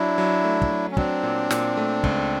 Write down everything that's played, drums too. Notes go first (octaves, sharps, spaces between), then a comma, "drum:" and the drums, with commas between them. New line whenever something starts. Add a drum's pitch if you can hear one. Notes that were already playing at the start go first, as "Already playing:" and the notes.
Already playing: F#3 D4 E4
F#3
A3
drum: kick
F#3
C#4
F#3 C4 D4, drum: kick
A#2
A#2, drum: snare
A3
C#2, drum: kick